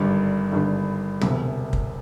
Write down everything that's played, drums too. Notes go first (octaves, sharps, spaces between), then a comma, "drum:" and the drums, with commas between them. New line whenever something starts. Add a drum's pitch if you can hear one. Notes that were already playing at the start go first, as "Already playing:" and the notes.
Already playing: G#1 G2 D3 G3 D5
G#1 G2 D3 G3
E1 D2 C3 E5, drum: tom
drum: kick